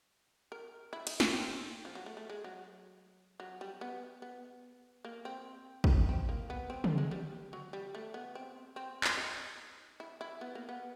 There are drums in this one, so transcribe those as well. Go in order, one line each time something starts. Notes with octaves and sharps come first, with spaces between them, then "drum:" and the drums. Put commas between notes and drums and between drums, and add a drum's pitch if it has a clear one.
A#4
E4
D#4, drum: cymbal
C#4, drum: snare
C4
F3
F#3
A3
A3
G#3
F#3
F#3
G3
B3
B3
A#3
C4
drum: kick
C4
A#3
B3
C4
A3, drum: tom
G#3
G3
F#3
G3
A3
B3
C4
C4
drum: clap
D#4
E4
E4
B3
A#3
B3